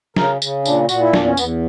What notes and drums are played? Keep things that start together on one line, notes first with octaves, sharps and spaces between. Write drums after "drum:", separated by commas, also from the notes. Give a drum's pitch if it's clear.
C#3 A#4, drum: snare
C#3, drum: tambourine
A#2 D4, drum: tambourine
A#2 F#4, drum: tambourine
E4
E2 D4, drum: snare
C#4
E2 B3, drum: tambourine